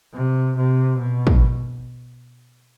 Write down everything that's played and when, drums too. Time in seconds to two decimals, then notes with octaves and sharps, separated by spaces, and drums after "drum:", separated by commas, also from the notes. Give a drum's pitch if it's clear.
0.13 C3
0.56 C3
0.98 B2
1.27 drum: kick